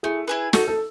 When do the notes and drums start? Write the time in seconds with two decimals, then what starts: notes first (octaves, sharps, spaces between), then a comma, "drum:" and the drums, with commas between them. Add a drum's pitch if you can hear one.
0.03 A3 E4 G#4
0.28 E4 G#4 B4
0.53 D#4 F#4 A4, drum: snare
0.68 A4